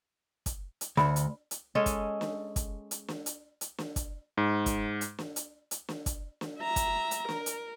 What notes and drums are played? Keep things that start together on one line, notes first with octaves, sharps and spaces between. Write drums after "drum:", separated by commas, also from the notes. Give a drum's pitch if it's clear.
drum: kick, hi-hat
drum: hi-hat
D2 B5, drum: snare
drum: hi-hat
drum: hi-hat
G#3 C#4 G#4 A4
drum: kick, hi-hat
drum: snare
drum: kick, hi-hat
drum: hi-hat
drum: snare
drum: hi-hat
drum: hi-hat
drum: snare
drum: kick, hi-hat
G#2
drum: kick, hi-hat
drum: hi-hat
drum: snare
drum: hi-hat
drum: hi-hat
drum: snare
drum: kick, hi-hat
drum: snare
E5 A#5
drum: kick, hi-hat
drum: hi-hat
A#4, drum: snare
drum: hi-hat